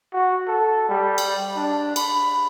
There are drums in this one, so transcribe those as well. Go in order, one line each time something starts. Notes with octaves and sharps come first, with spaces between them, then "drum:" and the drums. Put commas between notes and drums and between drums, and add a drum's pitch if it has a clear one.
F#4
A4
G3
drum: cymbal
D4
B5, drum: cymbal